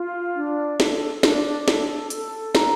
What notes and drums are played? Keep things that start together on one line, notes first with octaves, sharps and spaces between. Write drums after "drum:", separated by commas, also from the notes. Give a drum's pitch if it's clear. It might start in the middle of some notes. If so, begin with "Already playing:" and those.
Already playing: F4
D4
A4, drum: snare
D4, drum: snare
A4, drum: snare
A4, drum: hi-hat
A#5, drum: snare